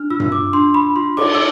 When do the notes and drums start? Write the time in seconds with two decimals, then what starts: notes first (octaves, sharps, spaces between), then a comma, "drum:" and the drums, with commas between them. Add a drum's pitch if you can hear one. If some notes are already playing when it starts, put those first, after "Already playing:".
Already playing: D4 F6
0.10 F4 E6
0.20 drum: tom G2
0.32 D6
0.53 D4 C6
0.74 B5
0.96 F4 C6
1.17 D6, drum: cymbal
1.34 E6